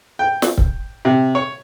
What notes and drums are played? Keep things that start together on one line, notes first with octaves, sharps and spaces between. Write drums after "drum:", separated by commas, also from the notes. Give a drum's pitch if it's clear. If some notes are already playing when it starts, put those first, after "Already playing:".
G5
drum: snare
drum: kick C#1
C3
C#5